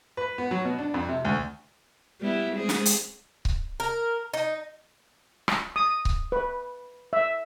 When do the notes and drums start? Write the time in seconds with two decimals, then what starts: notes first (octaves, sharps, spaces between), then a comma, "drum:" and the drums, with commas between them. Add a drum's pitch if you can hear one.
0.17 B4
0.38 B3
0.51 F#3
0.65 B2
0.78 D4
0.94 F2
1.08 C3
1.25 D2
2.21 G3 B3 E4
2.56 G#3 C4 G#4
2.69 drum: snare
2.85 drum: hi-hat
3.45 drum: kick C#1
3.80 A#4
4.34 D#4
5.48 drum: rim click
5.76 D#6
6.05 drum: kick C#1
6.32 B4
7.13 E5